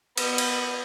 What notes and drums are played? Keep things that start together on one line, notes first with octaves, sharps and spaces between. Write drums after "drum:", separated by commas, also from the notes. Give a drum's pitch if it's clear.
B3, drum: cymbal
drum: cymbal